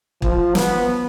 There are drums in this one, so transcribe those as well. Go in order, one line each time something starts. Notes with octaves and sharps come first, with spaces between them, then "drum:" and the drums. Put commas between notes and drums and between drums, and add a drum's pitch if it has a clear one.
F3, drum: kick
B3, drum: snare